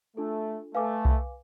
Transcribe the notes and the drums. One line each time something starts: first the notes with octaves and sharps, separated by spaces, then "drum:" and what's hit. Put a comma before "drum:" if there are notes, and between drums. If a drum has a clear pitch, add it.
A3 D4 F4 A4
A3 B4 F5 G#5 D6
drum: kick C2